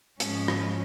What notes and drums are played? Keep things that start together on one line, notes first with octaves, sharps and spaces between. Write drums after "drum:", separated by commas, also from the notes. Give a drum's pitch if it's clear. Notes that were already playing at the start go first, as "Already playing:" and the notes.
G#2 F3 G#3 C#4, drum: hi-hat
drum: rim click